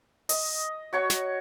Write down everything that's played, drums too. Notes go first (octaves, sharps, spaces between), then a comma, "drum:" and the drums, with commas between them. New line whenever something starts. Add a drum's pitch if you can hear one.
D#5, drum: open hi-hat
F#4 C#5 C#6
drum: snare